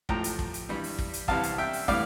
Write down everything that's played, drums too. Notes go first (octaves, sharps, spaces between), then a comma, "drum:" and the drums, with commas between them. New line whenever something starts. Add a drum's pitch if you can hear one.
A1 A2 F3 G5 A#5, drum: kick
drum: hi-hat
drum: kick
drum: hi-hat
G2 E3 G3
drum: open hi-hat
drum: kick
drum: hi-hat
C2 C3 E3 G3 F5 A5, drum: kick
drum: hi-hat
E5 G5
drum: open hi-hat
A2 E3 G3 D5 F5, drum: kick